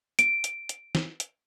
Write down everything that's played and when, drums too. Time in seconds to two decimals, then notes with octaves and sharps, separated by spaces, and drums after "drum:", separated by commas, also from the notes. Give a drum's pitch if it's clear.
0.19 D7, drum: hi-hat
0.44 drum: hi-hat
0.69 drum: hi-hat
0.95 drum: snare
1.20 drum: hi-hat